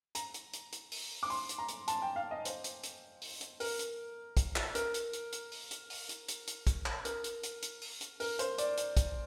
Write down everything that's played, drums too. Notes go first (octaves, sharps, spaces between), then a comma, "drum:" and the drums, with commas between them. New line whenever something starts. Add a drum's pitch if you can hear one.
A#5, drum: hi-hat
drum: hi-hat
drum: hi-hat
drum: hi-hat
drum: open hi-hat
D6
C6, drum: open hi-hat
drum: hi-hat
A#5
drum: hi-hat
A5, drum: hi-hat
G5
F5
D#5
C5, drum: hi-hat
drum: hi-hat
drum: hi-hat
drum: open hi-hat
drum: hi-hat
A#4, drum: open hi-hat
drum: hi-hat
drum: kick, hi-hat
drum: clap
A#4, drum: hi-hat
drum: hi-hat
drum: hi-hat
drum: hi-hat
drum: open hi-hat
drum: hi-hat
drum: open hi-hat
drum: hi-hat
drum: hi-hat
drum: hi-hat
drum: kick, hi-hat
drum: clap
A#4, drum: hi-hat
drum: hi-hat
drum: hi-hat
drum: hi-hat
drum: open hi-hat
drum: hi-hat
A#4, drum: open hi-hat
C5, drum: hi-hat
D5, drum: hi-hat
drum: hi-hat
drum: kick, hi-hat